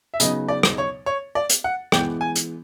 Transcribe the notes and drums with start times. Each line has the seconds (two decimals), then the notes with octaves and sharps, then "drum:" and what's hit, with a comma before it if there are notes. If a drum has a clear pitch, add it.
0.14 E5
0.20 C#3 F#3 B3 D#4 D#5, drum: hi-hat
0.48 D5
0.63 drum: rim click
0.78 C#5
1.06 C#5
1.35 D5
1.49 drum: hi-hat
1.64 F#5
1.92 E3 G#3 B3 G5, drum: rim click
2.21 G#5
2.35 drum: hi-hat